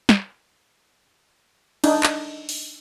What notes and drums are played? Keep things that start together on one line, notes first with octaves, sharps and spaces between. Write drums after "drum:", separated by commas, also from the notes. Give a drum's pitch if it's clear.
drum: snare
D4 D#4, drum: cymbal
drum: clap
drum: open hi-hat